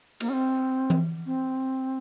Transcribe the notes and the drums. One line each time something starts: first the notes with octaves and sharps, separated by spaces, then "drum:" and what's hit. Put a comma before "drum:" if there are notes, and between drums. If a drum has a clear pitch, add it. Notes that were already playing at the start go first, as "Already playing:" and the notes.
A#3, drum: cymbal
C#4
C4
drum: tom E3
C4